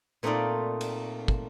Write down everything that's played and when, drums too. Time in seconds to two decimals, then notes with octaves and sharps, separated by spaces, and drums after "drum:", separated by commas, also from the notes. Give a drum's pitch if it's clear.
0.23 A#2 A3 C4 D#4 F4 D5
0.81 drum: cymbal
1.28 drum: kick